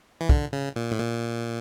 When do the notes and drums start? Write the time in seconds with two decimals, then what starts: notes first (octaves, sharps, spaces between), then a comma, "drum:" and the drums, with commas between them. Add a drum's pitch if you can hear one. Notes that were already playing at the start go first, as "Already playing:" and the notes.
0.21 E3
0.29 D3, drum: kick
0.53 C#3
0.76 A#2
0.91 A2
0.99 A#2